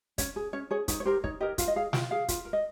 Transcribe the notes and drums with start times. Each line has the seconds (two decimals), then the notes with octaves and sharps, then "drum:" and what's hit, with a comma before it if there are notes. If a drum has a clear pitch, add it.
0.18 C#4 C#5, drum: kick, hi-hat
0.36 G#4
0.53 C#4 C#5
0.71 G#4 C#5
0.88 D#4 C#5, drum: kick, hi-hat
1.00 C#5
1.05 G4 A#4 C5
1.24 D#4 C#5, drum: kick
1.40 G4 A#4 D#5
1.58 F4 F5, drum: kick, hi-hat
1.68 D#5
1.76 G#4 F5
1.93 F4 G5, drum: snare
2.11 G#4 F5
2.28 F4, drum: kick, hi-hat
2.45 A#4
2.53 D#5